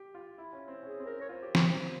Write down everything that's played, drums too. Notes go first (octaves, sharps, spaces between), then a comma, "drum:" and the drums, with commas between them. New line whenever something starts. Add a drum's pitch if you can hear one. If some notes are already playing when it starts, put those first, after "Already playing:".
Already playing: G4
F4
E4
C#4
C4
C#4 G#4
C4
C#4 A#4
C#5
F4 C5
G4
F4, drum: snare